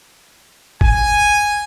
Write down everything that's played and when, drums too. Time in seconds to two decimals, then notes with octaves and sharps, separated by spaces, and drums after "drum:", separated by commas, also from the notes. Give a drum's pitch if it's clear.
0.81 G#5, drum: kick